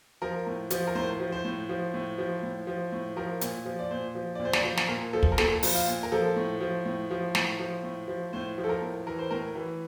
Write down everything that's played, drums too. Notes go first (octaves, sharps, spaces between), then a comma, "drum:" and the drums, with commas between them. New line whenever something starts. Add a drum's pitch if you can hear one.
F3 A#4
A2
F3, drum: hi-hat
A#4
A2 C5
F3
C5
A2
F3
A2
F3
A2
F3
A2
F3 A#4
A#2, drum: hi-hat
F3
D5
A#2 C5
F3
D5
A#2
C5
D5, drum: snare
F3 C5
drum: snare
A#2 A#4
F3 A4
drum: kick
A#4
A#2 A4, drum: snare
F3, drum: open hi-hat
F4
A#2
A#4
F3 A4
A2
F3
A2
F3
A2, drum: snare
F3
A2
F3
A2 C5
F3
A4
A#4
A2
E3 A#4
C5
A2 A#4
E3